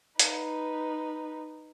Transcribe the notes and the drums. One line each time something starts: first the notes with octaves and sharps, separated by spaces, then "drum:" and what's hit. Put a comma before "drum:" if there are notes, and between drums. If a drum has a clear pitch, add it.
D#4 B4, drum: hi-hat